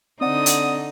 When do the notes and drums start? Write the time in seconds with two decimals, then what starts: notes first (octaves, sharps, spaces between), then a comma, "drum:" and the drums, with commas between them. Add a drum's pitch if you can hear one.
0.21 D3 C4 D#4 D5 F#5 D#6
0.46 drum: hi-hat